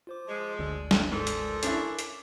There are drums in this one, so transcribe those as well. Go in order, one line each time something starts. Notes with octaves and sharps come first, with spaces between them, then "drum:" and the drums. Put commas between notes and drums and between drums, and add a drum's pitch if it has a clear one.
F4 C5 D6
F3 G#3
G1 D2 D5 E6
drum: snare
G#2 F3 A4 A#4
drum: hi-hat
C#4 D4 E4 D6, drum: hi-hat
drum: hi-hat